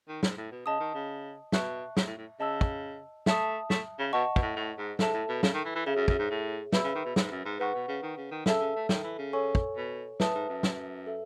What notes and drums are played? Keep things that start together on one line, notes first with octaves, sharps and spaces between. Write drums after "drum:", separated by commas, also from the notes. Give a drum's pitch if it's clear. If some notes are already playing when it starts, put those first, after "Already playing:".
D#3
G#2, drum: snare
A2
B2
C#3 D#5 A5 D#6
D#3
C#3
B2 E5 A5 C#6 F#6, drum: snare
G#2, drum: snare
A2
A2
C#3 D#5 A5 E6
drum: kick
A3 E5 A5 D#6, drum: snare
A3, drum: snare
C#3
B2 D#5 F#5 A5 C#6
B2, drum: kick
A2
A2
G#2
G#2 A4 E5 A5, drum: snare
A2
B2
C#3, drum: snare
D#3
E3
E3
C#3 G#4 C#5 E5
F#2
F#2, drum: kick
G#2
A2
B2 B4 E5 B5 E6, drum: snare
C#3
D#3
B2
G#2, drum: snare
F#2
G#2
G#2 B4 F#5 C#6
B2
C#3
D#3
C#3
D#3
C#3 A4 E5 A5 E6, drum: snare
C#3
A3
D#3, drum: snare
E3
C#3
A4 C#5 G#5 C#6
drum: kick
B2
A2 B4 E5 A5 D#6, drum: snare
G#2
F#2
drum: snare
A4 E5